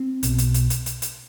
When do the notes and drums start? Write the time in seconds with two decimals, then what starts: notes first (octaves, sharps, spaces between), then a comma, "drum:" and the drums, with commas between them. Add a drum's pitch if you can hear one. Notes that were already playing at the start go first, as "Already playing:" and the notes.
Already playing: C4
0.23 B1 B2, drum: hi-hat
0.38 drum: hi-hat
0.54 drum: hi-hat
0.70 drum: hi-hat
0.86 drum: hi-hat
1.02 drum: hi-hat